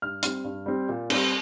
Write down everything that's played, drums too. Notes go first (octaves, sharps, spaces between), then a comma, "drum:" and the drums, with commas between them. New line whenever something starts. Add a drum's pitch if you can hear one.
G2 F6
G3 C4 F6, drum: hi-hat
G2
G3 C4
A#2
G3 C4, drum: cymbal